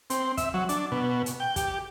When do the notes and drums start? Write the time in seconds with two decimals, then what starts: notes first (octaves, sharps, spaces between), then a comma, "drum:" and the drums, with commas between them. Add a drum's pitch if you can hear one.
0.10 C4, drum: hi-hat
0.37 E5, drum: kick, hi-hat
0.54 F#3
0.69 D4, drum: hi-hat
0.92 B2
1.26 drum: hi-hat
1.40 G5
1.56 G4, drum: kick, hi-hat